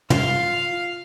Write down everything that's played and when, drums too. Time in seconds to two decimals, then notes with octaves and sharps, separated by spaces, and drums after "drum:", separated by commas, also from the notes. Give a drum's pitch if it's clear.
0.10 F4 F5, drum: tom